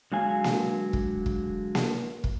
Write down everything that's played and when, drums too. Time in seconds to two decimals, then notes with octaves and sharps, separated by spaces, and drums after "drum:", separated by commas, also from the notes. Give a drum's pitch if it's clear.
0.12 D3 F#3 G#3 F5 G#5
0.44 drum: snare A#3
0.93 drum: kick
1.26 drum: kick
1.75 drum: snare A#3
2.24 drum: kick